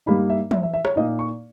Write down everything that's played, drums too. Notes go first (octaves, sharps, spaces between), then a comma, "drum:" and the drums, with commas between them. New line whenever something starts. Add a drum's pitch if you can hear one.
G2 G3 A#3 D#4 B5
E5
E5, drum: tom
E5
E5
C#5, drum: rim click
A#2 A#3 D#4 D#5
C#6